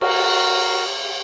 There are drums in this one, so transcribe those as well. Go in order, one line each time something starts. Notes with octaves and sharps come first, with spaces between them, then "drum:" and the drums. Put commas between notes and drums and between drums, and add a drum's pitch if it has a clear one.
F#4 A#4, drum: cymbal